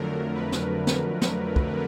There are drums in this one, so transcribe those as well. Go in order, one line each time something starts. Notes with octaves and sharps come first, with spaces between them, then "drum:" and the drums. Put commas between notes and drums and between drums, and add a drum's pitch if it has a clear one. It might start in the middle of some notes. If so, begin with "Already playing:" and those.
Already playing: F2 D3 F#3 A3 A#4
B4
drum: snare
drum: snare
drum: snare
drum: kick